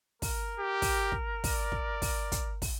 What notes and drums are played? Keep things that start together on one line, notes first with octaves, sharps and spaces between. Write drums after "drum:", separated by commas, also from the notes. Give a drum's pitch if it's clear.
A#4, drum: kick, open hi-hat
G4
drum: kick, open hi-hat
drum: kick
D5, drum: kick, open hi-hat
drum: kick
drum: kick, open hi-hat
drum: kick, hi-hat
drum: kick, open hi-hat